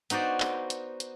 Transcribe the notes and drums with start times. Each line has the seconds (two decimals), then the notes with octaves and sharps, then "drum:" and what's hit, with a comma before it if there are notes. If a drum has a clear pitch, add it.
0.10 B3 D#4 F#4 C5 D5, drum: hi-hat
0.40 drum: clap
0.70 drum: hi-hat
1.00 drum: hi-hat